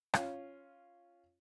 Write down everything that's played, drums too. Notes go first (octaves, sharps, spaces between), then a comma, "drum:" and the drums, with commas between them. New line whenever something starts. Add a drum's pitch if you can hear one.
C#4 F4, drum: rim click